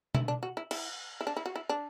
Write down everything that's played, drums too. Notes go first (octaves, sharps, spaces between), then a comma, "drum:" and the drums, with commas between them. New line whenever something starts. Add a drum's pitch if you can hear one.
E4, drum: tom
D4
F#4
E4
E4, drum: cymbal
E4
D4
E4
F#4
E4
D4